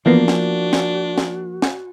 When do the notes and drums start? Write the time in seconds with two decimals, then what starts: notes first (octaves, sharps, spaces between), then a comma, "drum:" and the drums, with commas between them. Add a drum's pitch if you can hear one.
0.06 E3 F3 A#3 B3 D4 F#4
0.28 drum: snare
0.73 drum: snare
1.18 drum: snare
1.62 drum: snare